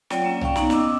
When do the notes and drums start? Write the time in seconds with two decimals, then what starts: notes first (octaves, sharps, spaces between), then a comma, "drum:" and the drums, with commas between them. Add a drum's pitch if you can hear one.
0.10 F#3 C4 F4 C#5 D5 G5, drum: snare
0.24 A#3 C#4
0.41 D5 F5 G5 C#6, drum: tom B1
0.56 B3 D#4 A#5, drum: snare
0.70 C#4 D#5 D6 E6, drum: snare